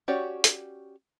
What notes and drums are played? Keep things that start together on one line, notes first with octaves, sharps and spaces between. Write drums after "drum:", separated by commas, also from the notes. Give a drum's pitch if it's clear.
C#4 F#4 G4 C#5 D5
drum: hi-hat